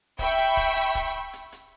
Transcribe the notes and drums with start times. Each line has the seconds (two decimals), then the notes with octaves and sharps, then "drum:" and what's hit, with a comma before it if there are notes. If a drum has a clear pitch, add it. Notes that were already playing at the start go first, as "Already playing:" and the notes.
0.19 E5 G5 B5 C#6, drum: kick, hi-hat
0.38 drum: hi-hat
0.57 drum: kick, hi-hat
0.76 drum: hi-hat
0.95 drum: kick, hi-hat
1.33 drum: hi-hat
1.52 drum: hi-hat